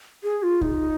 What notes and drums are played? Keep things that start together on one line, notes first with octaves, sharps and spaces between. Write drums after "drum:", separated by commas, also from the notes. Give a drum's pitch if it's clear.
G#4
F4
D#4, drum: kick C#2